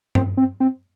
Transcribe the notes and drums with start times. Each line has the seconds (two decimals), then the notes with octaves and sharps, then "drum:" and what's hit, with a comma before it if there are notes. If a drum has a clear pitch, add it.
0.15 C4, drum: tom G2
0.37 C4
0.60 C4